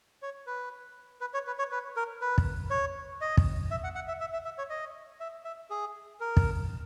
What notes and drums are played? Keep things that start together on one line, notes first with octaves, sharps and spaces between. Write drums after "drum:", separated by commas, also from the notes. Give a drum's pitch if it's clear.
C#5
B4
B4
C#5
B4
C#5
B4
A#4
B4
drum: kick
C#5
D#5
drum: kick
E5
F#5
F#5
E5
E5
E5
E5
C#5
D#5
E5
E5
G#4
A#4
drum: kick